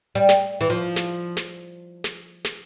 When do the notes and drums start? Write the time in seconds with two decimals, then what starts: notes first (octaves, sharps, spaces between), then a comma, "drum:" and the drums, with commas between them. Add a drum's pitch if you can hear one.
0.15 G3
0.29 drum: snare
0.61 E3
0.70 F3
0.96 drum: snare
1.37 drum: snare
2.04 drum: snare
2.45 drum: snare